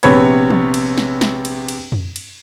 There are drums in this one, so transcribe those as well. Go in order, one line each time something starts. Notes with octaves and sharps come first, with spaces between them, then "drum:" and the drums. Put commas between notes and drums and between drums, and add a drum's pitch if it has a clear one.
A#1 C3 B3 C#5 B5 G#6, drum: cymbal
drum: tom E3
drum: cymbal
drum: snare
drum: snare
drum: cymbal
drum: cymbal
drum: tom F2
drum: cymbal